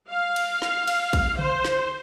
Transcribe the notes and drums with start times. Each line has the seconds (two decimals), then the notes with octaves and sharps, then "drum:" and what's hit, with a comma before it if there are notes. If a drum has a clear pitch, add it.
0.10 F5
0.36 drum: cymbal
0.62 drum: snare
0.87 drum: cymbal
1.13 drum: kick, cymbal
1.39 C5, drum: tom C#3
1.64 drum: snare